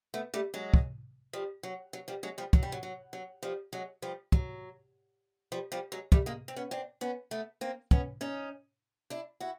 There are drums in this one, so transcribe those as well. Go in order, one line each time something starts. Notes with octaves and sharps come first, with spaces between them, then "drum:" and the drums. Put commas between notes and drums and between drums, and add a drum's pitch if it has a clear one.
A3 B3
G3 A3
F#3 G#3
drum: kick
F3 G3
F#3
F#3
F3 G3
F#3 G#3
F3 G3
F#3, drum: kick
G3
F#3
F#3
F#3
F3 G3
F#3 G#3
F3 G3
F#3, drum: kick
F3 G3
F3 G3
F#3 G#3
G3 A3, drum: kick
G#3 A#3
C4
B3 C#4
C4 D4
B3 C#4
A3 B3
A#3 C4
B3 C#4, drum: kick
C#4 D#4
D4 E4
E4 F#4